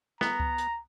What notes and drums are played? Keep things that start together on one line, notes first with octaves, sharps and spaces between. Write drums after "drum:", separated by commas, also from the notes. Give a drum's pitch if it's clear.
B3 A#5, drum: snare
drum: kick C#2
drum: hi-hat